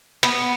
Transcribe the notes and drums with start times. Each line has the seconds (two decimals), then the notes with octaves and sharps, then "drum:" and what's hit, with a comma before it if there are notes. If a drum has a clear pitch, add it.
0.23 B3, drum: hi-hat